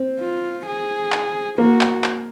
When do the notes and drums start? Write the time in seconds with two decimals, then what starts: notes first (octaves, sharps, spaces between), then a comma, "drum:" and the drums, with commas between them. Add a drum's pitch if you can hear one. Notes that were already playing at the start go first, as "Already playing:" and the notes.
Already playing: C4
0.20 F4
0.66 G#4
1.12 drum: clap
1.58 A#3 F#4
1.81 drum: clap
2.04 drum: clap